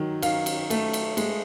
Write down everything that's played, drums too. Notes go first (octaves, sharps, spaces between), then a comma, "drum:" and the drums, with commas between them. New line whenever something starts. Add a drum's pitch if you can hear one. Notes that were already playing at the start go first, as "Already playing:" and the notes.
Already playing: D#3 F#3
D#3 F5, drum: cymbal
drum: cymbal
A3, drum: cymbal
drum: cymbal
G#3, drum: cymbal